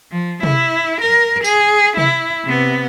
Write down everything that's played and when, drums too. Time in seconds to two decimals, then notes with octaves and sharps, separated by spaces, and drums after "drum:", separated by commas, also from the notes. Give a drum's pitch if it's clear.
0.12 F3
0.43 E4, drum: tom C3
1.02 A#4
1.44 G#4, drum: tambourine
1.97 E4, drum: tom C3
2.45 C3 B3